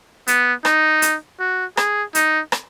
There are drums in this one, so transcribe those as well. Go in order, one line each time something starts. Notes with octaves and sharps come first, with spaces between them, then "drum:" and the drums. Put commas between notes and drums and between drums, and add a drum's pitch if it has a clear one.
B3, drum: hi-hat
D#4, drum: rim click
drum: hi-hat
F#4
G#4, drum: rim click
D#4, drum: hi-hat
drum: rim click